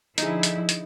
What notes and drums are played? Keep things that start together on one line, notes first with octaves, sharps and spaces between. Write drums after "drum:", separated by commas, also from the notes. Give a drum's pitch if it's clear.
D3 F3 D#4 E4 G#4, drum: hi-hat
drum: hi-hat
drum: hi-hat